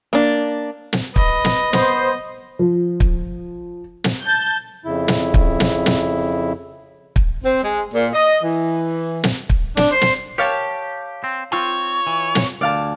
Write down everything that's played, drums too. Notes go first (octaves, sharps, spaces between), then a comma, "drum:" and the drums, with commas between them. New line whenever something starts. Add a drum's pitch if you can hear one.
A#3 D4
drum: snare
B4 D#5, drum: kick
drum: snare
B3 C5, drum: snare
F3
drum: kick
drum: snare
A5 G6
F2 C#3 E4
drum: snare
drum: kick
drum: snare
drum: snare
drum: kick
C4
G#3
A#2
D#5
E3
drum: snare
drum: kick
D4, drum: snare
C5
drum: snare
G4 C#5 F5 A5
C4
C4 F4 C#5
E3
drum: snare
D2 D5 F5 A5